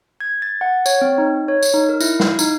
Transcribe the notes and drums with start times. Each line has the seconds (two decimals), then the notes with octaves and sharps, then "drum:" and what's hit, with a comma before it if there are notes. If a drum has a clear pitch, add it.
0.20 G#6
0.42 A6
0.61 F#5
0.86 C#5, drum: tambourine
1.01 C4
1.18 D#4
1.48 C#5
1.63 drum: tambourine
1.74 D#4
1.89 A#4
2.00 E4, drum: tambourine
2.20 F5, drum: snare
2.39 D#4, drum: tambourine